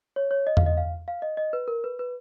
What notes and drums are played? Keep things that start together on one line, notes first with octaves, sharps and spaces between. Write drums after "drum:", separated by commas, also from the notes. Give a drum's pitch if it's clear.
C#5
C#5
D#5
F5, drum: tom E2
D#5
F5
F5
D#5
D#5
B4
A#4
B4
B4